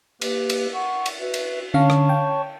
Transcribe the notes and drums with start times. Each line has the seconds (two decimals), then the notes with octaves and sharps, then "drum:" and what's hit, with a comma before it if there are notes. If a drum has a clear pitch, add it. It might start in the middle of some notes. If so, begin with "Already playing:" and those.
0.22 A#3 G4 B4, drum: cymbal
0.50 drum: cymbal
0.74 F#5 C#6
1.06 drum: cymbal
1.20 F#4 B4 E5
1.34 drum: cymbal
1.74 D3 C#4 C#5 F5 A5 C#6
1.90 drum: rim click
2.09 G5